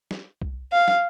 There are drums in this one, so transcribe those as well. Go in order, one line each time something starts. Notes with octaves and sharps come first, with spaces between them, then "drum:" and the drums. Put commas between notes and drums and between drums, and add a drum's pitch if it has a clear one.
drum: snare
drum: kick C2
F5
drum: snare